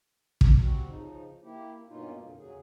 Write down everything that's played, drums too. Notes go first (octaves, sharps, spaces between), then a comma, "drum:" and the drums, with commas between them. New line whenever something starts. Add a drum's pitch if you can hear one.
drum: kick
G3 C4 F#4
C#3 F3 D#4
A#3 E4 G4
G2 B2 A#3 C#4 D#4 F4
F2 A#2 D3
E2 C#3 F#3 G#4